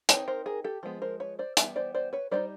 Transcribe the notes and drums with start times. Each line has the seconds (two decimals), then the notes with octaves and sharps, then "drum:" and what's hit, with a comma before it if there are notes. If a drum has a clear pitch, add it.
0.09 G3 C4 D#4 B4 C#5, drum: hi-hat
0.28 A#4 C5
0.46 G#4 A#4
0.64 G4 A4
0.83 F3 G#3 B3
1.02 A#4 C5
1.20 B4 C#5
1.39 C5 D5
1.57 E3 G3 B3 E5, drum: hi-hat
1.76 C5 D5
1.95 C5 D5
2.13 B4 C#5
2.31 G3 B3 D#4 C5 D5